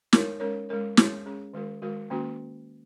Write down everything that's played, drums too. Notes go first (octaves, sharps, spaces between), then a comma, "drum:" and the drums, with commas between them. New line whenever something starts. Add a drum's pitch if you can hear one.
G#3 D#4 A#4 C#5, drum: snare
G#3 C#4 A#4 C#5
G#3 C#4 A#4 C#5
G#3 C#4 G#4 C#5, drum: snare
G#3 C#4 G#4 C#5
D#3 G#3 F#4 A#4
D#3 G#3 F#4 A#4
D#3 A#3 C#4 F#4